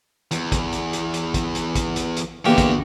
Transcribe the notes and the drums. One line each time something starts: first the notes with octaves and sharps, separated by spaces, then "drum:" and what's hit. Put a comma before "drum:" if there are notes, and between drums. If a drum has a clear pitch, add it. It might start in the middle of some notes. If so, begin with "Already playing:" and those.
E2, drum: hi-hat
drum: kick, hi-hat
drum: hi-hat
drum: hi-hat
drum: hi-hat
drum: kick, hi-hat
drum: hi-hat
drum: kick, hi-hat
drum: hi-hat
drum: hi-hat
E2 D3 A#3 F#4 G4
drum: kick, hi-hat